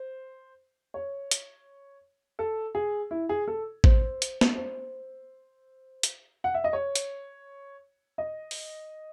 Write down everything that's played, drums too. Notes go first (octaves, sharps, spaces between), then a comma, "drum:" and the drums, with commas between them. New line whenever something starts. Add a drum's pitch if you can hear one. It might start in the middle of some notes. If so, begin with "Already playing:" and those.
Already playing: C5
C#5
drum: hi-hat
A4
G#4
E4
G#4
A4
C5, drum: kick A1
drum: hi-hat
drum: snare
C5
drum: hi-hat
F#5
E5
D#5
C#5
drum: hi-hat
D#5
drum: open hi-hat